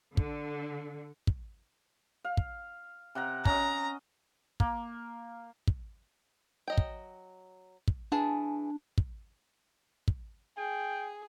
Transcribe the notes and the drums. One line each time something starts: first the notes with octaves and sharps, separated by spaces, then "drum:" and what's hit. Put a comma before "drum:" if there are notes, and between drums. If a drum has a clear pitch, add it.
D3, drum: kick
drum: kick
F5
drum: kick
C3 F#5 A#5
C#4 D#5 A#5, drum: kick
A#3, drum: kick
drum: kick
F#3 D#5 G5
drum: kick
drum: kick
E3 D4 G#4 A5
drum: kick
drum: kick
G#4 G5